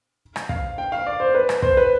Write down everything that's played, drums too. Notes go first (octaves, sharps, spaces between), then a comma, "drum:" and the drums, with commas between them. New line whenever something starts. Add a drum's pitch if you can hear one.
drum: rim click
F5, drum: kick
G5
F5
D5
C5
B4
drum: rim click
C5, drum: kick
B4